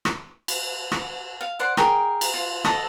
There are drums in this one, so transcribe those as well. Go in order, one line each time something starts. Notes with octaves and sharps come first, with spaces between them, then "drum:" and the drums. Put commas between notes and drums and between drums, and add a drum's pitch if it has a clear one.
drum: rim click
drum: cymbal
drum: rim click
F5
C5 D5 F#5 D6
G#4 A#4 G5, drum: rim click
drum: cymbal
F4
A4 D#5, drum: rim click